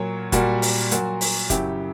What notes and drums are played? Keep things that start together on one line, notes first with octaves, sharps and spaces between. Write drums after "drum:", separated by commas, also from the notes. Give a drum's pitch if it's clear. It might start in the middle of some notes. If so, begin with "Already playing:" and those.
Already playing: A#2 F#3 A#4 C#5
A#2 G3 F#4 A#4, drum: kick F1, hi-hat
drum: open hi-hat
A#2 F#3 F#4 A#4, drum: hi-hat
drum: open hi-hat
F#2 C#3 F#3 E4 G4, drum: kick F1, hi-hat